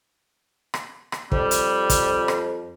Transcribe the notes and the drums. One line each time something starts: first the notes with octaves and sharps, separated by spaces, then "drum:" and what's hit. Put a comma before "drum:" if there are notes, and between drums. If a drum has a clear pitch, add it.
drum: rim click
drum: rim click
F2 G3, drum: kick
drum: hi-hat
drum: kick, hi-hat
drum: rim click